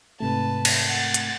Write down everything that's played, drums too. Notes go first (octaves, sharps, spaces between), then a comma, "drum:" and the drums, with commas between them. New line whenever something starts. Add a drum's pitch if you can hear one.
G#2 C3 A3 B4 A5
drum: cymbal
F#5 A6
drum: hi-hat